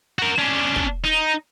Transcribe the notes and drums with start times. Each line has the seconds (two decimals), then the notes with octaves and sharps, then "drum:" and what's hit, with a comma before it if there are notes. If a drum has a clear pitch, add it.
0.19 F#4 A#4
0.38 C#4 D4
0.76 drum: kick
1.05 D#4